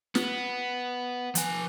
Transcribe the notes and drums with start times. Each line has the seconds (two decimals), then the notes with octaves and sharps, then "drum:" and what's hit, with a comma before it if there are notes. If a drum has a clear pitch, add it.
0.15 B3, drum: snare
1.35 F3 G#5, drum: hi-hat